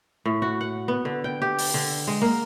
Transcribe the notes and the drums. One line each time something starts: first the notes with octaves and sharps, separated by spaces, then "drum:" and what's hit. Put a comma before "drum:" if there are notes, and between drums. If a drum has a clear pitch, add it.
A2
F#4
F#5
B3
D3
G5
G4
drum: open hi-hat
D3
G#3
A#3